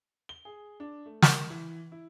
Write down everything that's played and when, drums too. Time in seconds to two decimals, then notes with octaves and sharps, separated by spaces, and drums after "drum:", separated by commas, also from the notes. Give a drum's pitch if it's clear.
0.29 G7
0.45 G#4
0.80 D4
1.06 A3
1.22 A#4, drum: snare
1.50 E3
1.92 E4